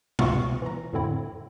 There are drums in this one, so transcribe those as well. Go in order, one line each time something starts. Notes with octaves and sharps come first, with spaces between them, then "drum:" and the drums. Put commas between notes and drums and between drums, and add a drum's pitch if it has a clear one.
C#2 B2 B3 F4 E5 C#6, drum: tom B2
E3 A#5
F2 A2 D3 C4 E4